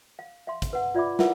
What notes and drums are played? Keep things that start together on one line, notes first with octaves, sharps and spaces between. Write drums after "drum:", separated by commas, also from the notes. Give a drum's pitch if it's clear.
F5
E5 F5 C6
drum: kick, hi-hat
B4 F#5
F4 D5 E5 B5 D6
E4 F4 A#4 B4 E5 F#5, drum: snare